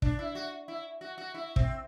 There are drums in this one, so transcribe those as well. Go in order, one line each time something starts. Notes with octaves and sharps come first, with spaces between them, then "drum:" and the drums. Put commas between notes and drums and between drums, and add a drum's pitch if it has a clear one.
D4, drum: kick
E4
F#4
E4
F#4
F#4
E4
C4, drum: kick